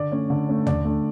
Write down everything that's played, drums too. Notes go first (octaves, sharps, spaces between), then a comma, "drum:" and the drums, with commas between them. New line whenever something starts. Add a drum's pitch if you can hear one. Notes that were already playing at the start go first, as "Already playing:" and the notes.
Already playing: D3 D5
A3 C#4
D3
A3 C#4
D3 D5, drum: tom D#2
A3 D4